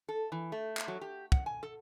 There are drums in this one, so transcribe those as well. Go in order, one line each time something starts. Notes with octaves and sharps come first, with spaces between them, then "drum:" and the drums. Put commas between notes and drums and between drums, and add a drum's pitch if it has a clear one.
A4
E3
A3
drum: clap
F#3
G4
F#5, drum: kick
G#5
A4